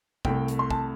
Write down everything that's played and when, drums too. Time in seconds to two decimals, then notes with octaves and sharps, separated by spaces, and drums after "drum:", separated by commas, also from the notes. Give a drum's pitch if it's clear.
0.25 C2 C3 A3 G5, drum: kick
0.48 drum: hi-hat
0.59 C6
0.71 A5, drum: kick